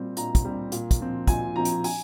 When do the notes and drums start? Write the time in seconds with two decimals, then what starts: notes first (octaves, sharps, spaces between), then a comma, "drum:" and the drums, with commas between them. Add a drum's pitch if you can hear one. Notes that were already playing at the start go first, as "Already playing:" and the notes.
Already playing: A#2 G3 C4
0.17 A#2 A#5, drum: hi-hat
0.35 drum: kick, hi-hat
0.45 G3 C4
0.72 A#2, drum: hi-hat
0.91 drum: kick, hi-hat
1.00 F3 C4
1.27 A#2 G#5, drum: kick, hi-hat
1.55 F3 C4 A#5
1.65 drum: hi-hat
1.84 G#5, drum: open hi-hat